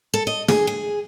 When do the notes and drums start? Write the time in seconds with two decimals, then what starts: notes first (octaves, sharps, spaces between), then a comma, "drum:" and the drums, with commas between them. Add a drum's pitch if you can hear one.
0.14 A4
0.27 D#5
0.48 G#4, drum: snare
0.67 G#4